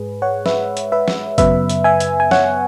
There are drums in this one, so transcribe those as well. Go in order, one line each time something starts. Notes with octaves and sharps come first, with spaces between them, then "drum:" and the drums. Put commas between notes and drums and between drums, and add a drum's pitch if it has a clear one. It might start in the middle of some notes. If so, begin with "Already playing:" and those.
Already playing: G#2 G#3 G#4 B4
C#5 F#5
B4 E5, drum: snare
drum: hi-hat
B4 E5
drum: snare
F#2 C#3 F#3 B3 B4 E5, drum: kick G#1, hi-hat
drum: hi-hat
E5 G#5
drum: hi-hat
G#5
C#5 F#5, drum: snare